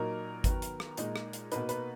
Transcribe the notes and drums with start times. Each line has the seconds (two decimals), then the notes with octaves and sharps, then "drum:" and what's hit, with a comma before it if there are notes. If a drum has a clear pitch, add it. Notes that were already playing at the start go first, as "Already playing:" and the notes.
Already playing: A#2 F#3 A#3 D#4 A#4
0.44 D#3 F#3 B3, drum: kick G#1, hi-hat
0.62 drum: hi-hat
0.80 drum: rim click
0.97 A#2 G#3 D#4, drum: hi-hat
1.16 drum: rim click
1.33 drum: hi-hat
1.52 B2 A#3 D#4 B4, drum: hi-hat
1.69 B4, drum: hi-hat